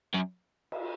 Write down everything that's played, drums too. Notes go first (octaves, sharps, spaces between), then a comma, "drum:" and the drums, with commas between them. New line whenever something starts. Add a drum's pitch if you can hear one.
F#2
drum: cymbal